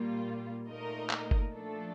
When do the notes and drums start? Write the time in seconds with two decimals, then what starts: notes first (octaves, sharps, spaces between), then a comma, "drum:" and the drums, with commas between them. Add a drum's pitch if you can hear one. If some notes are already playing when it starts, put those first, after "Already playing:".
Already playing: A#2 G3 A#3 F4
0.67 A#2 A3 D#4 A#4 D#5
1.10 drum: clap
1.31 drum: kick G1
1.52 F3 A3 D4 A4